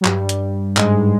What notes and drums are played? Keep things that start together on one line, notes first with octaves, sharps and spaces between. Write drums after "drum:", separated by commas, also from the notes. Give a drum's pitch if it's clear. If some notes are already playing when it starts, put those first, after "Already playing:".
F#3
G2 G3, drum: clap
drum: hi-hat
G#2 G#3, drum: clap